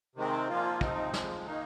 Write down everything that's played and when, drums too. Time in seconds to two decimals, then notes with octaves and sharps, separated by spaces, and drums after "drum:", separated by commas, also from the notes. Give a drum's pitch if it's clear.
0.15 C3 D#3 G#3 C4
0.48 A#2 F3 A#3 F4
0.81 C3 F3 C4 D#4, drum: kick
1.13 F2 F3 G#3, drum: snare
1.46 D#3 A#3 D#4